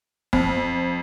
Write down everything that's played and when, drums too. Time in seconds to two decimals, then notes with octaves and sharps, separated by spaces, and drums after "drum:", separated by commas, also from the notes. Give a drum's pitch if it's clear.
0.33 F2, drum: kick